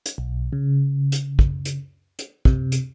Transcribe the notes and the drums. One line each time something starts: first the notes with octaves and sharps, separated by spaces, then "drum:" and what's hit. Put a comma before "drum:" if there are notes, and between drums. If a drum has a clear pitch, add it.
drum: hi-hat
B1
C#3
drum: hi-hat
drum: kick
drum: hi-hat
drum: hi-hat
C3, drum: kick
drum: hi-hat